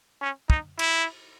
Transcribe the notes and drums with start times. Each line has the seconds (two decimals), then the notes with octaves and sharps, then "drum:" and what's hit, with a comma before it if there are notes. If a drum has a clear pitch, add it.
0.22 C#4
0.50 D#4, drum: kick
0.79 E4, drum: cymbal